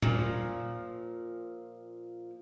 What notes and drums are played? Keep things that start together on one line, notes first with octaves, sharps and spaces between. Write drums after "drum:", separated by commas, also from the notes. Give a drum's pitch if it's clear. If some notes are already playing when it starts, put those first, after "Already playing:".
A#2 F3, drum: tom A#2